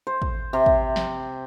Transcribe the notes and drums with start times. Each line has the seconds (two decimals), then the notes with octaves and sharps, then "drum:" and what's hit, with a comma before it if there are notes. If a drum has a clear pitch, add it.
0.07 C5
0.22 drum: kick
0.53 C3
0.66 drum: kick
0.96 drum: snare